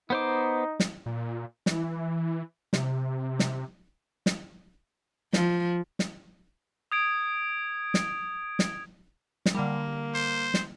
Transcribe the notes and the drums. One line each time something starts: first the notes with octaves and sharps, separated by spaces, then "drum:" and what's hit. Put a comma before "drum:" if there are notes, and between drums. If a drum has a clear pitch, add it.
B3 D#4 C5 D6
drum: snare
A#2
E3, drum: snare
C3, drum: snare
drum: snare
drum: snare
F3, drum: snare
drum: snare
D#6 G#6 D7
drum: snare
drum: snare
drum: snare
D3 G3 A#3
C5
drum: snare